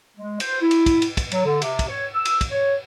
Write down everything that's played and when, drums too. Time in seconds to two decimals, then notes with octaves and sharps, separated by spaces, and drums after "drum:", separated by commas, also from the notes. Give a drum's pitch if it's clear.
0.17 G#3
0.40 C5, drum: cymbal
0.61 E4
0.71 drum: cymbal
0.86 drum: kick, cymbal
1.02 drum: cymbal
1.17 drum: kick, cymbal
1.32 F#3, drum: cymbal
1.45 D3
1.62 C3, drum: cymbal
1.79 drum: kick, cymbal
1.88 C#5
2.14 E6
2.25 drum: cymbal
2.41 drum: kick, cymbal
2.51 C#5